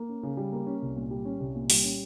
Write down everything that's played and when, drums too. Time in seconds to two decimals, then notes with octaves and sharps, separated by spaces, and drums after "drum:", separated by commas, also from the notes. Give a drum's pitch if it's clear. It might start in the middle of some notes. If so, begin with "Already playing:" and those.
Already playing: A#3
0.09 C#4
0.23 C#3
0.37 G3
0.52 A#3
0.67 C#4
0.82 C2
0.96 A#2
1.11 G3
1.25 C#4
1.40 C2
1.55 A#2
1.70 G3, drum: open hi-hat
1.84 C#4